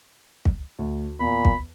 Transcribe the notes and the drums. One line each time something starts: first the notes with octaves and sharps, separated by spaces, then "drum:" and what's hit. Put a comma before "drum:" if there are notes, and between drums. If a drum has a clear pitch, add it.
drum: kick
D2
E2 A#2 B5
drum: kick